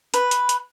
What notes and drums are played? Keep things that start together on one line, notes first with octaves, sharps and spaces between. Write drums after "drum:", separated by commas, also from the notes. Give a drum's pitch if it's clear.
B4, drum: hi-hat
drum: hi-hat
drum: hi-hat